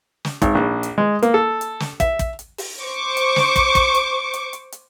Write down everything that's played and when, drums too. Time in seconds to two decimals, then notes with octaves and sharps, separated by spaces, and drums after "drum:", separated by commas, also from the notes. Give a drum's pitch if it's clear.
0.25 drum: snare
0.42 G#1, drum: kick, hi-hat
0.55 A#1
0.83 drum: hi-hat
0.98 G#3
1.22 A#3, drum: hi-hat
1.34 A4
1.61 drum: hi-hat
1.80 drum: snare
2.00 E5, drum: kick, hi-hat
2.19 drum: kick, hi-hat
2.39 drum: hi-hat
2.58 drum: open hi-hat
2.82 C5 C#6 D6
3.17 drum: hi-hat
3.36 drum: snare
3.56 drum: kick, hi-hat
3.75 drum: kick, hi-hat
3.95 drum: hi-hat
4.33 drum: hi-hat
4.53 drum: hi-hat
4.72 drum: hi-hat